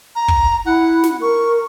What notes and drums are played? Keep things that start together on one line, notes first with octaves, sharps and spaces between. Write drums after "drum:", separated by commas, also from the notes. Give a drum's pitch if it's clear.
A#5
drum: kick
E4 F#5
drum: snare
A#4 C#6